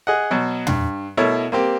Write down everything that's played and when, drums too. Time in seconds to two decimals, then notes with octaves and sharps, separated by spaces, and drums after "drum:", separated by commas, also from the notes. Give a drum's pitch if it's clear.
0.07 G#4 D#5 F#5
0.31 B2 F#3
0.67 G2, drum: tom
1.17 B2 A3 E4 A#4 C#5
1.52 A#3 C4 G4